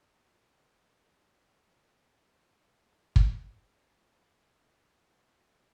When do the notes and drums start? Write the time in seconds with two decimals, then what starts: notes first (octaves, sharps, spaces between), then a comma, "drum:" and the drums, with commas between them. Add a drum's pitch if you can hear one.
0.05 D#2
0.52 C#3
1.25 D4
1.38 B2
1.72 F#3
2.15 D#5
2.81 B4 D#5 G5 G#5 A#5
3.16 drum: kick
3.64 F2 C#3 D#5 A5
4.32 G#5
4.56 A5 A#5 C6